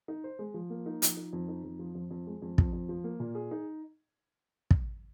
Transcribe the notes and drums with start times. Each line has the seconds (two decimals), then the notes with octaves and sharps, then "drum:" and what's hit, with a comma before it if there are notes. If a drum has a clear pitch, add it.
0.08 D#4
0.24 C5
0.39 G#3
0.54 F3
0.70 A#3
0.86 D#4
1.02 F3, drum: hi-hat
1.17 D#4
1.33 F2
1.48 D#4
1.64 F2
1.79 F3
1.95 F2
2.11 F2
2.27 G#3
2.42 F2
2.58 F2, drum: kick
2.73 F2
2.89 F3
3.04 A#3
3.20 A#2
3.35 G#4
3.51 D#4
4.71 drum: kick